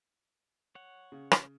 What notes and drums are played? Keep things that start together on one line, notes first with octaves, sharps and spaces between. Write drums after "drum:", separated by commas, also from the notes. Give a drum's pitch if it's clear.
C#5 F#5
C#3
drum: rim click